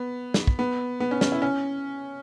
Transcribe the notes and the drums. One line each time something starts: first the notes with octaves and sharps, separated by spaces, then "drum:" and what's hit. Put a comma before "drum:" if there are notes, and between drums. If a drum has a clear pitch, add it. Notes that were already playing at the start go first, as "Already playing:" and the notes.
Already playing: B3
drum: snare
drum: kick
B3
B3
C#4
C#4, drum: snare
E4
C#4